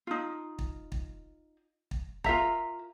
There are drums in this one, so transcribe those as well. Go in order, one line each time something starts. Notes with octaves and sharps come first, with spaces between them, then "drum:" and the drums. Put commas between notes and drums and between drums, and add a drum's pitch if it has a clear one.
D#4 F4
drum: kick
drum: kick
drum: kick
F4 A#4 E5 A#5, drum: kick